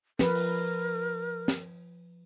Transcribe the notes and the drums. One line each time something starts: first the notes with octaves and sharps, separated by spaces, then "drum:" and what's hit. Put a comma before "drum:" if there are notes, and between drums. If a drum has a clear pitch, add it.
F3 A#4 B4, drum: snare
drum: open hi-hat
drum: snare